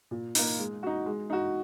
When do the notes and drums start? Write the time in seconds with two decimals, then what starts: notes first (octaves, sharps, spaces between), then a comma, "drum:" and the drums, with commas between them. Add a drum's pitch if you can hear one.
0.11 A#2
0.35 A#3 D#4, drum: open hi-hat
0.58 G#3
0.83 D#4 F#4
1.06 G#3
1.30 D#4 F#4